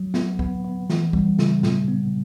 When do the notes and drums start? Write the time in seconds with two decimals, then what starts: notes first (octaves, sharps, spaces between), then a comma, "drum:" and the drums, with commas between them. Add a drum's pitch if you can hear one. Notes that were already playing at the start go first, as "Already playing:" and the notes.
Already playing: F#3
0.14 B3, drum: snare
0.39 B3, drum: kick
0.65 B3
0.90 E3, drum: snare
1.13 G3, drum: kick
1.39 C#3, drum: snare
1.63 A#2, drum: snare
1.88 B3